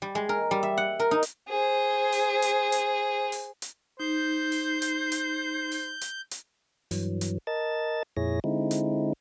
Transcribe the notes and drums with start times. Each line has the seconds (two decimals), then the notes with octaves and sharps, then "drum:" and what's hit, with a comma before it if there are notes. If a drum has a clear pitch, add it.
0.02 G3
0.15 G#3
0.29 A#4
0.51 G3
0.63 E5
0.78 F#5
0.99 A#4
1.11 D#4
1.23 drum: hi-hat
1.49 G#4 C5
2.12 drum: open hi-hat
2.42 drum: hi-hat
2.72 drum: hi-hat
3.32 drum: open hi-hat
3.62 drum: hi-hat
4.00 D#4 C5 G6
4.52 drum: open hi-hat
4.82 drum: hi-hat
5.12 drum: hi-hat
5.71 drum: open hi-hat
6.01 drum: hi-hat
6.31 drum: hi-hat
6.91 G2 E3 F#3, drum: open hi-hat
7.21 drum: hi-hat
7.47 A#4 D#5 A5 A6
8.17 F2 A#2 E4 G#4 C#5 A#6
8.44 D3 G#3 C4 D#4 E4
8.71 drum: hi-hat